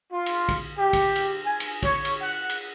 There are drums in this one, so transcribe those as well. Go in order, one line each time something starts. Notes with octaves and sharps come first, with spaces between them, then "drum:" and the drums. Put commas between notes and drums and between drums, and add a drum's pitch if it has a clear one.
F4
drum: cymbal
drum: kick, cymbal
G4
drum: kick, cymbal
drum: cymbal
G#5
drum: cymbal
C#5, drum: kick, cymbal
drum: cymbal
F#5
drum: cymbal